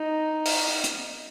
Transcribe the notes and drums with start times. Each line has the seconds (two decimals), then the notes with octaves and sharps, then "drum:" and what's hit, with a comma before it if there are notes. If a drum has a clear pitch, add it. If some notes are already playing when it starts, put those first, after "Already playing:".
Already playing: D#4
0.46 drum: open hi-hat
0.84 drum: hi-hat